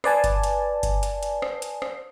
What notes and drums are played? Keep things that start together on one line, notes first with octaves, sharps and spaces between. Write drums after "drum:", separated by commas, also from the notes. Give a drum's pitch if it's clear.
B4 D5 G#5 A5, drum: rim click
drum: kick G1, hi-hat
drum: hi-hat
drum: kick G1, hi-hat
drum: hi-hat
drum: hi-hat
drum: rim click
drum: hi-hat
drum: rim click